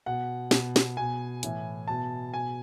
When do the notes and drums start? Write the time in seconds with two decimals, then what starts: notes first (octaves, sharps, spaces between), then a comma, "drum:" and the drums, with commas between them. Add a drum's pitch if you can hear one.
0.06 B2 F#5
0.51 B2, drum: snare
0.76 drum: snare
0.97 B2 G#5
1.43 A2 E3, drum: hi-hat
1.88 B2 A5
2.34 B2 G#5